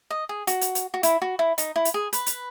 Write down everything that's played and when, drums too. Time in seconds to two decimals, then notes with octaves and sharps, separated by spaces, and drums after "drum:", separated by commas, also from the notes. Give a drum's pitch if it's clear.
0.10 D#5
0.29 G#4
0.47 F#4, drum: hi-hat
0.61 drum: hi-hat
0.75 drum: hi-hat
0.94 F#4
1.03 E4, drum: hi-hat
1.22 F#4
1.39 E4
1.58 D#4, drum: hi-hat
1.76 E4
1.85 drum: hi-hat
1.94 G#4
2.13 B4, drum: hi-hat
2.26 drum: hi-hat